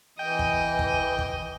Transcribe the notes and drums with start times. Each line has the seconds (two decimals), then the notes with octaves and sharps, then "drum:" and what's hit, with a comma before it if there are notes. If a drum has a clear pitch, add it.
0.19 E3 D#5 G5
0.39 drum: kick
0.79 drum: kick
1.19 drum: kick